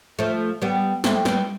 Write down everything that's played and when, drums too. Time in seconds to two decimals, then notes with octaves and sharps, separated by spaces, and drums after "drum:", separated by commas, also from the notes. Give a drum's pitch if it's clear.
0.19 F3 A3
0.62 G3 B3
1.04 A3 C4, drum: snare
1.25 G3 B3, drum: snare